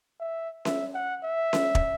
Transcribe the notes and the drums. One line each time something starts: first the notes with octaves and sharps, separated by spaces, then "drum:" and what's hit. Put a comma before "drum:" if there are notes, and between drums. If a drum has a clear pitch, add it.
E5
E5, drum: snare C#4
F#5
E5
drum: snare C#4
drum: kick